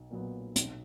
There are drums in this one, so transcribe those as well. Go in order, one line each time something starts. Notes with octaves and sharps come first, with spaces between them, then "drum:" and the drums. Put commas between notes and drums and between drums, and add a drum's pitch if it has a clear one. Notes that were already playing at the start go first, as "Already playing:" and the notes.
Already playing: B1
A#2 F#3 B3
B1, drum: hi-hat